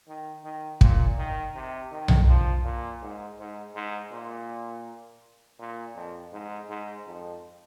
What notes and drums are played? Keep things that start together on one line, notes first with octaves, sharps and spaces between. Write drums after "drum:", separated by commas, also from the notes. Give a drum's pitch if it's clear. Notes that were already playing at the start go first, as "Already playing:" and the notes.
D#3
D#3
A#2, drum: kick
D#3
C3
D#3
drum: tom B1
F3
A#2
G#2
G#2
G#2
A#2
A#2
F2
G#2
G#2
F2